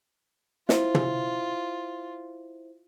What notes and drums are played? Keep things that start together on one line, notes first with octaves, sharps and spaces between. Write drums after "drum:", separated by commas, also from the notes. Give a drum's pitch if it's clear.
E4 F4 C5 E5, drum: snare
drum: tom